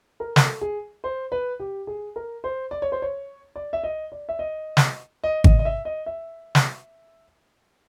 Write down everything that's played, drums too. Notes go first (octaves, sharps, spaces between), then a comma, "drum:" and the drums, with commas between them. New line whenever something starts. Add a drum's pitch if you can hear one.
A#4
A#4, drum: snare
A4
G#4
C5
B4
G4
G#4
A#4
C5
D5
C#5
C5
C#5
D5
E5
D#5
D5
E5
D#5
drum: snare
D#5
D#5, drum: kick G#1
D#5
E5
D#5
E5
drum: snare